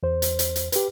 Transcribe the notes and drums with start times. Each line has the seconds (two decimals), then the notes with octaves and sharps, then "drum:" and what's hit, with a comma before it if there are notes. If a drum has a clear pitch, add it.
0.03 E2 C5
0.22 drum: hi-hat
0.39 drum: hi-hat
0.56 drum: hi-hat
0.72 G4 B4, drum: hi-hat